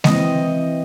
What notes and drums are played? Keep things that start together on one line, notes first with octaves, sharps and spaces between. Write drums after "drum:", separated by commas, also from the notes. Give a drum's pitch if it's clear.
E3 C4 D#5, drum: snare G#3